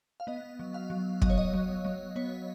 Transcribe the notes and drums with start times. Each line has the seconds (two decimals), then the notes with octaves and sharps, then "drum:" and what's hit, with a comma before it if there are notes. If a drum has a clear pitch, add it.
0.20 F5
0.27 B3 D#5
0.60 F#3
0.74 F5
0.90 F#3
1.22 F#3 D#5, drum: kick
1.30 C#5
1.38 D#5
1.53 F#3
1.85 F#3
2.16 B3 C#5